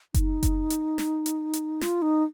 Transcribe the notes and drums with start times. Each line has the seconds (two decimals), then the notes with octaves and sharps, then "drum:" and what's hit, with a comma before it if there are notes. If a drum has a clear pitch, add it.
0.14 D#4, drum: kick F#1, hi-hat
0.43 drum: kick F#1, hi-hat
0.70 drum: hi-hat
0.98 drum: snare
1.26 drum: hi-hat
1.53 drum: hi-hat
1.81 F4, drum: snare
2.02 D#4